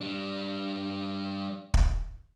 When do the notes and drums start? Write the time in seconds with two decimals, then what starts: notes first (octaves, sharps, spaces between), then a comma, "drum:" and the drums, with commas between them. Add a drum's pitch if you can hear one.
0.01 G3 D4
1.74 drum: kick